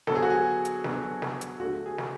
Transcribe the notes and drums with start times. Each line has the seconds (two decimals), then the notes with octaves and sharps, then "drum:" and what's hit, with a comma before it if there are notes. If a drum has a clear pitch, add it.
0.07 D3 F#3 B3 D4 A4, drum: snare
0.15 G#4
0.23 F#4
0.30 G#4
0.65 drum: hi-hat
0.84 D3 F#3 B3 D4, drum: snare
1.22 drum: snare
1.41 drum: hi-hat
1.60 D3 A3 D4 F#4
1.86 G#4
1.98 drum: snare